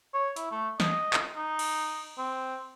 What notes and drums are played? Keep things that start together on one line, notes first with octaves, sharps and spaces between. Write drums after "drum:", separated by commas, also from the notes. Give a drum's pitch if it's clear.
C#5
E4, drum: hi-hat
A3
D#5, drum: snare
drum: clap
D#4
drum: cymbal
C4